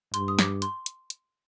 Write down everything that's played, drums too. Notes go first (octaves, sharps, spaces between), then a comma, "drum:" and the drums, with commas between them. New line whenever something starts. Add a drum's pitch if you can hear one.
G2 C6, drum: hi-hat
D#6
D6, drum: snare
C6, drum: hi-hat
drum: hi-hat
drum: hi-hat